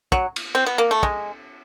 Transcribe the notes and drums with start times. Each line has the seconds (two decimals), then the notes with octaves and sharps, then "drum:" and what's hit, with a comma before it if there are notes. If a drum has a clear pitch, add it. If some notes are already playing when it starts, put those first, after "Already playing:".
0.12 F#3, drum: kick
0.36 drum: cymbal
0.55 C4
0.66 B3
0.78 A#3
0.91 A3
1.03 G#3, drum: kick